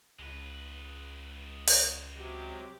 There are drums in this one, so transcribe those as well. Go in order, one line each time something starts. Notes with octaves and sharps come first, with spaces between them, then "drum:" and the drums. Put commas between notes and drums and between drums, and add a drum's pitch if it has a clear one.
C#2 G#3 B4
drum: open hi-hat
C3 F#3 G4